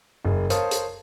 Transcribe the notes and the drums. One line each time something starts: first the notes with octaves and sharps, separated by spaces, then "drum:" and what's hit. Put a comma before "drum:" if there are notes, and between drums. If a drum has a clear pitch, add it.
F#1 G#4
A#4 C5 C#5 F5 A5 D#6, drum: hi-hat
drum: hi-hat